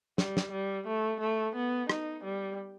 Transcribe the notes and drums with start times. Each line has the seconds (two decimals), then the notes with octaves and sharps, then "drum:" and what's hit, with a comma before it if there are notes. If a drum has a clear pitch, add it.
0.18 G3, drum: snare
0.37 drum: snare
0.52 G3
0.87 A3
1.21 A3
1.56 B3
1.90 D#4, drum: rim click
2.24 G3